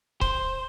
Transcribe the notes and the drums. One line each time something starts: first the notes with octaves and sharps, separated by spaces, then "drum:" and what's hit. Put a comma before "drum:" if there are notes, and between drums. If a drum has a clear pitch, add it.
C5, drum: kick C#1